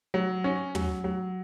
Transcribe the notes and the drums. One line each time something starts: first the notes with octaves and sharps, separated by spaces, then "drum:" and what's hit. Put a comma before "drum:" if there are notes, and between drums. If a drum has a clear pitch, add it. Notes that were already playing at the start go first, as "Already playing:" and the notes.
F#3
C#4
F#3, drum: tom
F#3